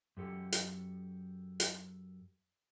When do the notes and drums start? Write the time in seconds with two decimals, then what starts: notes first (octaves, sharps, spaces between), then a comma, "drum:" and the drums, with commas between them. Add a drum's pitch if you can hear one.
0.17 F#2 G4 A4
0.52 drum: hi-hat
1.60 drum: hi-hat